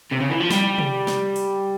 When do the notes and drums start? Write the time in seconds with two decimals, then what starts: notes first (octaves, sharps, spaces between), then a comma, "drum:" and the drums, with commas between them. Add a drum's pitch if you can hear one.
0.12 C3
0.21 C#3
0.30 E3
0.40 F3
0.50 G3, drum: snare
0.79 drum: tom C3
1.07 drum: snare
1.36 drum: open hi-hat